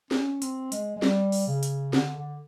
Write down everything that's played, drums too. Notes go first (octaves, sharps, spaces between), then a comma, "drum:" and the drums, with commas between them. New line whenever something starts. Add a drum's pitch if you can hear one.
C#4, drum: snare
C4, drum: hi-hat
G#3, drum: hi-hat
G#3
G3, drum: snare
drum: open hi-hat
C#3
drum: hi-hat
D3, drum: snare
D3